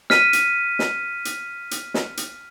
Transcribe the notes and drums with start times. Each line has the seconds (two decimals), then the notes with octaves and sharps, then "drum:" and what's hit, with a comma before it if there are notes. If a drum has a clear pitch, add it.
0.10 F6 B6 D#7, drum: snare
0.33 drum: hi-hat
0.79 drum: snare
1.25 drum: hi-hat
1.71 drum: hi-hat
1.94 drum: snare
2.17 drum: hi-hat